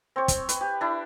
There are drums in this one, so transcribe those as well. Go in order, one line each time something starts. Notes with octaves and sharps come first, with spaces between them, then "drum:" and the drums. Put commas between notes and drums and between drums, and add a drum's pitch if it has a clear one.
C4 C#5
drum: kick, hi-hat
B4, drum: hi-hat
G4
D4 E4